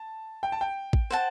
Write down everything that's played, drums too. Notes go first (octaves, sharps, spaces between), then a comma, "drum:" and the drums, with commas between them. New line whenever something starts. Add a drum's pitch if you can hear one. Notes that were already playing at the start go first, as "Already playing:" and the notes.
Already playing: A5
G5
A5
G5
drum: kick A1
C5 F#5 A5